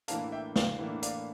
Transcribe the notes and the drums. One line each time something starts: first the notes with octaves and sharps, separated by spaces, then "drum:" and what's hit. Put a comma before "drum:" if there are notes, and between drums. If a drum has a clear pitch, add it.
A2 E3 A#3 D4 F5 A5, drum: hi-hat
E5 G5
D5 F5, drum: snare
A2 E3 A#3 D4
D5 F5, drum: hi-hat